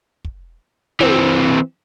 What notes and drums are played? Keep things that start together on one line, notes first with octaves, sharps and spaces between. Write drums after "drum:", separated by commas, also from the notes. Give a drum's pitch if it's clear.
drum: kick
E3 C4, drum: tom